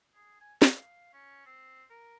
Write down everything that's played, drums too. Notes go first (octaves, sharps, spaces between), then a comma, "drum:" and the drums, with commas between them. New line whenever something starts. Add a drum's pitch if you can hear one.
G#4
G#5
F5, drum: snare
C#4
C4
A#4